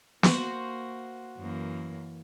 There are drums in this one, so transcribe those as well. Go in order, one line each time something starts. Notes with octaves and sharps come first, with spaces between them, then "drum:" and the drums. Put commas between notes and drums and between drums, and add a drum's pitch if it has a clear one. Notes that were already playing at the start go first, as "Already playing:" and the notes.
A#3 F#4 C5, drum: snare
F#2 E3 A#3